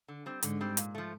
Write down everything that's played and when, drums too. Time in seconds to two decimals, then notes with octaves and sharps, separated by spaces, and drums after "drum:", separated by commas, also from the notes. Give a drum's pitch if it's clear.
0.08 D3
0.26 G3 C4
0.43 G#2 D3, drum: hi-hat
0.61 G3 C4
0.77 A#2, drum: hi-hat
0.95 F3 A3